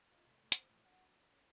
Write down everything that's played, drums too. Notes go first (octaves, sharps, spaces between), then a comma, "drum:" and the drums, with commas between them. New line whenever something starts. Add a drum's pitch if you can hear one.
D#4 F4 D#5
C3 A3
D4 C5, drum: hi-hat
A2 E3 F3
D4 F#4
C#4 D4